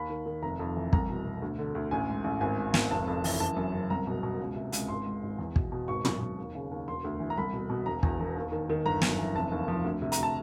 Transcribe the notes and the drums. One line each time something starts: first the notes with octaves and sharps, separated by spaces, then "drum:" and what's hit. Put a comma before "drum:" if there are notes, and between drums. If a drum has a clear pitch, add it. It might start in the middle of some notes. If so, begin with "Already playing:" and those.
Already playing: D#2 B5
D#3
D#3
F1 A#5
F2
E3
C2 A#5, drum: kick
B2
B2
D2
D3
D2
A1 G#5
G#2
A1
G#1 G#5
G#2
G#1, drum: snare
F1 A5
F2
E3, drum: open hi-hat
F#1 A5
F#2
F#1
C2 A#5
B2
B2
C#2
C3
C#2, drum: hi-hat
G#1 C6
G#2
G#1
E2
B2, drum: kick
B2
G#1 C#6
F#2, drum: tom
G#1
D#2
C#3
D#2
E1 C6
D2
E3
A#5
C2 B5
B2
B2
E1 A#5
E2, drum: kick
E1
D#2
D#3
D#3
G1 A#5
F#2, drum: snare
E3
F1 A5
D#2
F3
D2
C3
A#5, drum: hi-hat
D2
A5